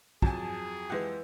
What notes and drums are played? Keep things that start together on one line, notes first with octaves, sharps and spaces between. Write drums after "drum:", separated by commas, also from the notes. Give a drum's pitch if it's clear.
F2 F#3 G#4 G#5 A5, drum: kick
E3 G#3 G4 E5 F#5